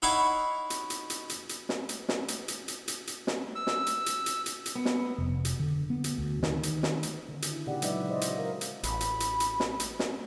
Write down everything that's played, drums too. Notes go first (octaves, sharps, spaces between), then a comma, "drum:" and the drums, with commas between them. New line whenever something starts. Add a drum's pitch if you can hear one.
D#4 E4 C#5 F5 F#5
drum: hi-hat
drum: hi-hat
drum: hi-hat
drum: hi-hat
drum: hi-hat
drum: snare
drum: hi-hat
drum: snare
drum: hi-hat
drum: hi-hat
drum: hi-hat
drum: hi-hat
drum: hi-hat
drum: snare
E6
drum: snare
drum: hi-hat
drum: hi-hat
drum: hi-hat
drum: hi-hat
drum: hi-hat
B3
drum: snare
F1
drum: hi-hat
D3
B3
drum: hi-hat
D2
D#3, drum: snare
drum: hi-hat
drum: snare
drum: hi-hat
D3 D#3
drum: hi-hat
E4
A#2 C#3 G4 D5 F#5
F#3 G#3 D#4 B4 D5 E5, drum: hi-hat
C5 D5 D#5
drum: hi-hat
A#4 F5
drum: hi-hat
A1 B5, drum: hi-hat
drum: hi-hat
drum: hi-hat
drum: hi-hat
drum: snare
drum: hi-hat
drum: snare